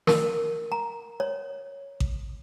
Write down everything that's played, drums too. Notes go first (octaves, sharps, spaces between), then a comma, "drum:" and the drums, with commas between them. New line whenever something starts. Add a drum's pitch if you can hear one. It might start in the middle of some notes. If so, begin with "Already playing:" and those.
A#4, drum: snare
A#5
C#5
drum: kick A1